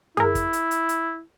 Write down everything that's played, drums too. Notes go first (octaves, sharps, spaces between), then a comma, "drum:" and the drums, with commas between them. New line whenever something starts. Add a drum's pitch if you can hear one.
E4 G#4 A#4, drum: tom F#2
drum: kick, hi-hat
drum: hi-hat
drum: hi-hat
drum: hi-hat